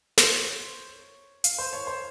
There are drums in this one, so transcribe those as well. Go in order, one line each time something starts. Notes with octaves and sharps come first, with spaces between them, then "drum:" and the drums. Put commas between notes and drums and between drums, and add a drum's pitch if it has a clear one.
C5, drum: snare
C#5
F5, drum: hi-hat
C5
C#5
C5